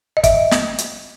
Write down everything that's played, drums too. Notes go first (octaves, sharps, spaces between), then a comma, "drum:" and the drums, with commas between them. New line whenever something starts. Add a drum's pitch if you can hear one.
D#5
E5, drum: kick, hi-hat
drum: snare
drum: hi-hat